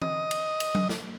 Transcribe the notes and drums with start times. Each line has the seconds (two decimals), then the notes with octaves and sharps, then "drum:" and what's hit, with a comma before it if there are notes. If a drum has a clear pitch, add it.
0.02 D#5, drum: tom E3
0.31 drum: cymbal
0.60 drum: cymbal
0.75 drum: tom F#3
0.89 drum: snare